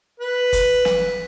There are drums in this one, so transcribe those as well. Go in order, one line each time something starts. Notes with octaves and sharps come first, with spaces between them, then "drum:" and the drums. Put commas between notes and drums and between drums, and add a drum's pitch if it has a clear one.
B4
drum: kick, hi-hat
drum: snare